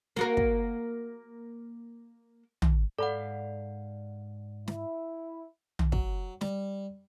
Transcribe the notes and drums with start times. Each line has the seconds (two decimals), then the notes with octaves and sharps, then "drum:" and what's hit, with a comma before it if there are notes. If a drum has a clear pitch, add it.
0.16 A#3 F#4 A#4, drum: snare
0.37 drum: kick
2.62 drum: tom
2.98 G#2 A4 D5 F5 F#5 B5
4.68 E4, drum: snare
5.79 drum: tom
5.92 F#3, drum: kick
6.41 G3, drum: snare